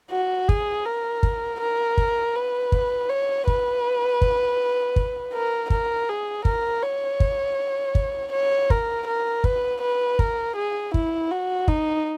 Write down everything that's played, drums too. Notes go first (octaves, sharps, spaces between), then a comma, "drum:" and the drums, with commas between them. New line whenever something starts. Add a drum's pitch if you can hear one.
F#4
G#4, drum: kick
A#4
drum: kick
A#4
drum: kick
B4
drum: kick
C#5
B4, drum: kick
drum: kick
drum: kick
A#4
A#4, drum: kick
G#4
A#4, drum: kick
C#5
drum: kick
drum: kick
C#5
A#4, drum: kick
A#4
B4, drum: kick
B4
A#4, drum: kick
G#4
E4, drum: kick
F#4
D#4, drum: kick